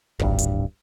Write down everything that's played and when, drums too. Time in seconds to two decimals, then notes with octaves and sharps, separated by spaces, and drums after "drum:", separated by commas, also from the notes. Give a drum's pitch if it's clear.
0.19 D1 G#1 G2, drum: kick
0.38 drum: hi-hat